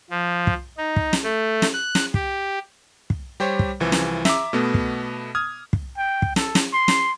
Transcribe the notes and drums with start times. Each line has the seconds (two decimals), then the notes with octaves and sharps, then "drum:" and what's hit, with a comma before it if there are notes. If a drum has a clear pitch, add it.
0.11 F3
0.47 drum: kick
0.78 D#4
0.96 drum: kick
1.13 drum: snare
1.23 A3
1.62 drum: snare
1.73 F#6
1.95 drum: snare
2.14 G4, drum: kick
3.10 drum: kick
3.40 G3 G4 C5 C#5
3.59 drum: kick
3.80 C2 E3 F3
3.92 drum: snare
4.25 E5 A#5 D6, drum: snare
4.53 B2 A3 B3
4.74 drum: kick
5.35 D#6 F6 G#6
5.73 drum: kick
5.97 G5
6.22 drum: kick
6.36 A4, drum: snare
6.55 drum: snare
6.73 C6
6.88 drum: snare